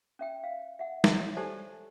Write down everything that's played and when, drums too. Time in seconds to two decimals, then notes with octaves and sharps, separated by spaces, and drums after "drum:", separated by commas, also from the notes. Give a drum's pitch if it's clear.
0.19 C#4 E5 G5
0.44 F5
0.79 E5 F#5
1.04 drum: snare
1.15 C#5
1.36 G4 A4 C5 D5 G#5 A5